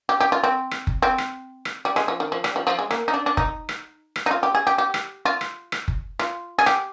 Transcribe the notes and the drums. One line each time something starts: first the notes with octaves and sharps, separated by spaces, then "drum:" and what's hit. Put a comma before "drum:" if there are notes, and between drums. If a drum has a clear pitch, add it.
G4
G4
F4
C4
drum: rim click
drum: kick F#1
C4
drum: rim click
drum: rim click
G3
G#3, drum: rim click
F3
D#3
F3
G3, drum: rim click
F3
F3
G#3
A#3, drum: rim click
D#4
D4
D4
D#4, drum: kick F#1
drum: rim click
drum: rim click
D#4
F4
G4
G#4
G4
G4
drum: rim click
F4
drum: rim click
drum: rim click
drum: kick F#1
F4, drum: rim click
G#4
G4, drum: rim click